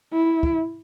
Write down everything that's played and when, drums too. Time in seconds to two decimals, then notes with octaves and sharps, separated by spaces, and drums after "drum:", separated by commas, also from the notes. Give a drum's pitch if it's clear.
0.13 E4
0.43 drum: kick